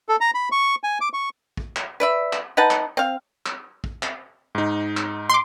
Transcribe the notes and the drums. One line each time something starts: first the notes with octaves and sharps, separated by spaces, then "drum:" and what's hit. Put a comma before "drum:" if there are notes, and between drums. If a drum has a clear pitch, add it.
A4
A#5
B5
C#6
G#5
D6
C#6
drum: kick
drum: clap
B4 D5 E5
drum: clap
D#4 B4 F#5 A5
drum: clap
C4 F5
drum: clap
drum: kick
drum: clap
G#2 D#4
drum: clap
C6 D6